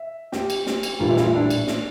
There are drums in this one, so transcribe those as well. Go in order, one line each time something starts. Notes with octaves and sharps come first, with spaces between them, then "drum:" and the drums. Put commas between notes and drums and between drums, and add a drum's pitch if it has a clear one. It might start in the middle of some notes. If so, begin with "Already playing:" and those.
Already playing: E5
G4, drum: snare
drum: cymbal
drum: snare
drum: cymbal
A#1 A2 E3 G3 A#3 F4
E4
F4, drum: snare
E4
D4
drum: cymbal
drum: snare